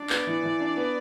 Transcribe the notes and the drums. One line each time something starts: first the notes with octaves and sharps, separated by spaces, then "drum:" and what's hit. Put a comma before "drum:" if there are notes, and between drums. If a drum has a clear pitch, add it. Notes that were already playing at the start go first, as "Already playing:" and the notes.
Already playing: D4 D5
B3, drum: clap
E3
E3
D4
B3